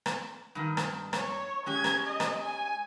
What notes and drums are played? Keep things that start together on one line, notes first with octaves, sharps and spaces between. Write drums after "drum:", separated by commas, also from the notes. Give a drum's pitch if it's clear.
drum: rim click
G2 D#3
drum: rim click
C#5, drum: rim click
G#3 C#4 G4 G#6
drum: rim click
D#5
drum: rim click
G#5